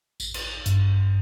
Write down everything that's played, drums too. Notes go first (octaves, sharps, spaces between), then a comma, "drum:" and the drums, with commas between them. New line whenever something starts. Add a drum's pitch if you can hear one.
A1, drum: tambourine
drum: cymbal
G2, drum: hi-hat